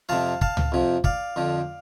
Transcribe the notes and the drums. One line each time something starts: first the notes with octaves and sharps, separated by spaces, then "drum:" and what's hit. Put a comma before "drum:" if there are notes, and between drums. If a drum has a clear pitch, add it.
F2 C3 F3 F5 A5
F5 A5, drum: kick
drum: tom C#2
F2 C3 F3
D5 F5, drum: kick
F2 D3 F3